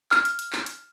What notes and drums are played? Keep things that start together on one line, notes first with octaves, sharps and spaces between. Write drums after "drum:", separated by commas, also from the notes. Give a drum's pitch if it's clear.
F6, drum: clap
drum: hi-hat
drum: hi-hat
drum: clap
drum: hi-hat